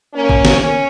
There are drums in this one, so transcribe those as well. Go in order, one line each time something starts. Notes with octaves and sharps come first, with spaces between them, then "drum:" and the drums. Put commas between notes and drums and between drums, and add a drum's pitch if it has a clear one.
A#3 C#4
drum: kick
drum: snare
C#4